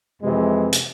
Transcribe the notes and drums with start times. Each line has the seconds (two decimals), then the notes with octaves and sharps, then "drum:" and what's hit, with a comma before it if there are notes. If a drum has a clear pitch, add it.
0.22 F2 C3 E3 G#3
0.73 drum: hi-hat